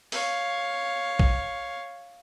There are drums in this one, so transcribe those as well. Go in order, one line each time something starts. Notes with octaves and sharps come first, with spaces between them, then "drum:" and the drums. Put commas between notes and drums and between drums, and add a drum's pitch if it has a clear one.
C#5 F5, drum: open hi-hat
drum: kick